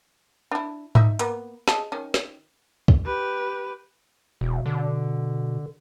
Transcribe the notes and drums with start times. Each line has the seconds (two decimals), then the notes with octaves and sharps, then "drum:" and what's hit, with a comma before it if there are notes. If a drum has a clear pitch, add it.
0.51 D4 E4
0.95 D#4 E5, drum: tom G#2
1.19 A#3 B3, drum: hi-hat
1.68 G#4 D#5 A5, drum: snare
1.92 D#3 C#4
2.14 drum: snare
2.88 drum: kick
3.05 G4 B4
4.41 E1 B2
4.66 D3